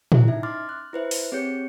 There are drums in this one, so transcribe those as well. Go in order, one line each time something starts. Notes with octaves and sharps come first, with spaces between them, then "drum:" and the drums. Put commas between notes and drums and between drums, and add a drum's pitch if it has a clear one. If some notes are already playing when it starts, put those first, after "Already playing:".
E4, drum: tom
C#4 D#4 E5
C6 D6 F6 A6
F#6
E4 B4 C5 E5
drum: open hi-hat
C4 G4 G#4 C#5 G6 C#7